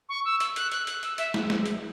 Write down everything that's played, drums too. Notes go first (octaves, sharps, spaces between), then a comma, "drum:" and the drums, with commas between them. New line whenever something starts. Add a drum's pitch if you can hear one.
C#6
E6
E6, drum: hi-hat
F#6, drum: hi-hat
F#6, drum: hi-hat
F#6, drum: hi-hat
E6, drum: hi-hat
E5, drum: hi-hat
drum: snare
drum: snare
drum: hi-hat